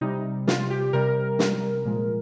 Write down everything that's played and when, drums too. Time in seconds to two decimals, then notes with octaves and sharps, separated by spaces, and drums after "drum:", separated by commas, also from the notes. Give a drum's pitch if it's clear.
0.01 C3 G3 D#4
0.47 F4, drum: snare
0.70 G4
0.93 C3 G3 A#4
1.39 drum: snare
1.85 A#2 F3 G#3